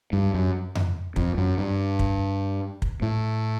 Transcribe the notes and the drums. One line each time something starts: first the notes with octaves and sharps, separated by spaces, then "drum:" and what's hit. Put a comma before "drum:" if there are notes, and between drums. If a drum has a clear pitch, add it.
G2
F#2
drum: tom F2
F2, drum: kick
F#2
G2
drum: kick
drum: kick
A2